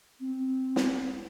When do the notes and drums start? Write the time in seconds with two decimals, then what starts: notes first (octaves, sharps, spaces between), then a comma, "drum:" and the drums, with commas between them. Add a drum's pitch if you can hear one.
0.20 C4
0.76 drum: snare